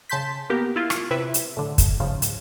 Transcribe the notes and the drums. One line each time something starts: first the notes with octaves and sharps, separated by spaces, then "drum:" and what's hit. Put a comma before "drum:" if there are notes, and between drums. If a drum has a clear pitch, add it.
C#3 A5 C6 G6 B6
A#3 B3 G4 A#4
E4 F4
drum: rim click
C3 E4 B4 E5
drum: hi-hat
A2 D3
drum: kick, hi-hat
G#2 C#3 F3
drum: hi-hat